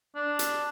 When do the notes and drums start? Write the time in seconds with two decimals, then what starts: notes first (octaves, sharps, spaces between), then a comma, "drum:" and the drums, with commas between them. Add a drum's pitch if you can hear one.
0.16 D4
0.39 drum: hi-hat